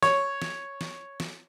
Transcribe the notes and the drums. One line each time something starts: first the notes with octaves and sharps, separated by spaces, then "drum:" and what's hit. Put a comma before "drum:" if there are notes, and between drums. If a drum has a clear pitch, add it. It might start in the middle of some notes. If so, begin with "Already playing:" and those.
C#5, drum: snare
drum: snare
drum: snare
drum: snare